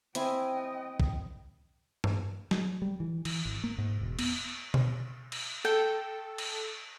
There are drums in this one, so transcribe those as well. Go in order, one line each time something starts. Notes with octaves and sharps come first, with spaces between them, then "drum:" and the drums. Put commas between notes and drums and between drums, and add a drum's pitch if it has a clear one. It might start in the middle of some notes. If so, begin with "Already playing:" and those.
C4 E4 D#5 G5 G#5, drum: hi-hat
drum: kick
drum: tom G2
F#3, drum: snare
G3
E3
E3, drum: cymbal
G#1
A#3
G#2
E1
B3, drum: cymbal
drum: tom B2
drum: cymbal
A4 G5
drum: cymbal